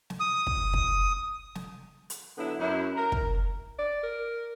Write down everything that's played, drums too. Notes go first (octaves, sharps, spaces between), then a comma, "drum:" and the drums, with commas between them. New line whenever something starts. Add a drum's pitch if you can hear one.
drum: snare
D#6
drum: kick
drum: kick
drum: snare
drum: hi-hat
D3 F#3 B3 E4
F#2 E4
A#4
drum: kick
D5
A#4